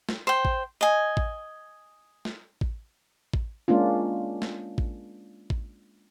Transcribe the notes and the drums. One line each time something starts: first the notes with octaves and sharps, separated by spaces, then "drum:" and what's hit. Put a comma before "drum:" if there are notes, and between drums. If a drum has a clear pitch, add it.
drum: snare
C5 G5
drum: kick A1
D#5 G#5
drum: kick A1
drum: snare
drum: kick A1
drum: kick A1
G#3 A#3 C#4 D4 F4
drum: snare
drum: kick A1
drum: kick A1